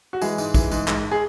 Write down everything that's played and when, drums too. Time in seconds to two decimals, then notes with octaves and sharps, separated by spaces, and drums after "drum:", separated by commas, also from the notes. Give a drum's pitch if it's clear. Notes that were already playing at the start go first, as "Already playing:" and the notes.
0.13 F#4
0.21 E3 G#3 G#4, drum: tambourine
0.38 G#2, drum: tambourine
0.54 E3, drum: kick A#1, tambourine
0.71 G#2, drum: tambourine
0.88 G#2, drum: clap
1.11 G#4